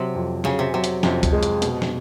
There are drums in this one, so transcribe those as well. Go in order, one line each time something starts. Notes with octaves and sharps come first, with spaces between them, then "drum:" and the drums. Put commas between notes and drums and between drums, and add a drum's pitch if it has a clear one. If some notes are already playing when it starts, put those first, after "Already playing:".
Already playing: C3 F#3
F2
C#3 F#3, drum: snare
C3
C3 F#3
drum: hi-hat
F2 C3, drum: snare
drum: kick C#2, hi-hat
G#3
drum: hi-hat
B2, drum: hi-hat
drum: snare